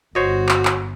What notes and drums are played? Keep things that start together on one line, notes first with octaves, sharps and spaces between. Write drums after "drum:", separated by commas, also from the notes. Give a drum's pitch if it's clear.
G1 F#4 C5 C#5 D#5
drum: clap
drum: clap